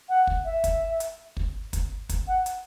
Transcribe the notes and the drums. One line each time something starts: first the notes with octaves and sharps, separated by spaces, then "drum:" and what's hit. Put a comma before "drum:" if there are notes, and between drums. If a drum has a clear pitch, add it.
F#5
drum: kick
E5
drum: kick, hi-hat
drum: hi-hat
drum: kick
drum: kick, hi-hat
drum: kick, hi-hat
F#5
drum: hi-hat